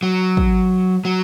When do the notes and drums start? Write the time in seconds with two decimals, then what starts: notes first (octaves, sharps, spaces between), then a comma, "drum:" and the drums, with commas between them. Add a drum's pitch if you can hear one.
0.03 F#3
0.37 drum: kick
1.05 F#3